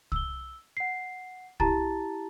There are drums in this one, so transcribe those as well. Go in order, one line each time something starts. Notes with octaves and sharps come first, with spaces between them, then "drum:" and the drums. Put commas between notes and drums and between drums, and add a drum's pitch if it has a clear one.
E6 G7, drum: kick C2
F#5 C7
E4 G4 A5 A#5 A6, drum: kick C2